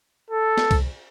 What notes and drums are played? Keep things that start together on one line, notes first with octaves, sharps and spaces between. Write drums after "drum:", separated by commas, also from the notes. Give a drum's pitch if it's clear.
A4
drum: snare
drum: kick C2, cymbal